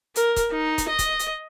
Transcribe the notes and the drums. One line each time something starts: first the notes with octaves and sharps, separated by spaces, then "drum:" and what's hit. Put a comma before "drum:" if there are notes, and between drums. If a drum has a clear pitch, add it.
A#4, drum: hi-hat
drum: kick, hi-hat
D#4
drum: kick, hi-hat
D#5
drum: kick, hi-hat
drum: hi-hat